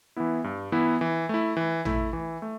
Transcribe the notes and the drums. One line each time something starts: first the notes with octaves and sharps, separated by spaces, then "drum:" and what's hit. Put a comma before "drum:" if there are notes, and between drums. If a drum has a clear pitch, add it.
E3 B3 E4
G2
E3 B3 E4
E3
A3 E4
E3
A3 E4, drum: tom
E3
A3